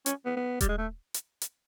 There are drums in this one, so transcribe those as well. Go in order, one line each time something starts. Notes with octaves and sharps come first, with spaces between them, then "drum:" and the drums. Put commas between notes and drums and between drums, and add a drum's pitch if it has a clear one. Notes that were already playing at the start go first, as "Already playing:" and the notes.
C#4, drum: hi-hat
B3
B3
G3, drum: kick D#1, hi-hat
G#3
A3
drum: hi-hat
drum: hi-hat